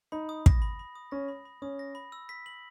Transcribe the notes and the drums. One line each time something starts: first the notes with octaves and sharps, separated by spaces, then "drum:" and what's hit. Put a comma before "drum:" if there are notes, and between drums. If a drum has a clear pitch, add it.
D#4 B5
D#6
A#6, drum: kick
B5
B5
D#6
C#4 A#6
B5
B5
C#4 D#6
A#6
B5
E6
B6
F#7